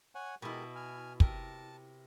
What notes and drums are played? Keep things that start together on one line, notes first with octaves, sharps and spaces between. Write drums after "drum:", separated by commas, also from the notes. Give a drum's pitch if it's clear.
C#5 F#5 G#5
B2 G#3 E4 G4 A#4
G#5 F6
C3 A#4 A5, drum: kick